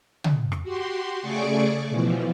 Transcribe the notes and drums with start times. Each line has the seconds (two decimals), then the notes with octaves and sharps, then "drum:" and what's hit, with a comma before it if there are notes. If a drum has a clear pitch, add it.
0.24 drum: tom
0.52 drum: rim click
0.63 F#4 G4 C6
1.22 C#3 A3 G#4 D5 C#6 D6
1.88 B2 E3 F3